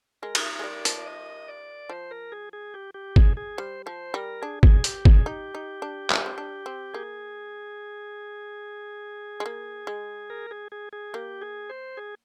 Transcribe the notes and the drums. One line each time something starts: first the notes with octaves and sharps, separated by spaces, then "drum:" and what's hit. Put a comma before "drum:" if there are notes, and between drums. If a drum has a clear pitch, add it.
G#3 A#4
drum: cymbal
G#3
G3 D5
F3, drum: hi-hat
D#5
D5
F3 C5
A#4
G#4
G#4
G4
G4
G#4, drum: kick
G#4
G3 C5
F3 C5
G3 A#4
D4 G#4
G#4, drum: kick
G4, drum: hi-hat
G#4, drum: kick
D#4 G4
D#4
D4
D4, drum: clap
C4
D4
C4
A#3 G#4
G#3
A#3
G#3
A#4
G#4
G#4
G#4
A#3 G4
G#4
C5
G#4